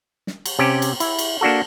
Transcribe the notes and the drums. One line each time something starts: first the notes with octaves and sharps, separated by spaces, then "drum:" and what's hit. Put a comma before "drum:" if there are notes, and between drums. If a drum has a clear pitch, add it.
drum: snare
drum: cymbal
C3 C#4 G4
drum: cymbal
E4, drum: cymbal
drum: cymbal
A#3 D4 F#4 A4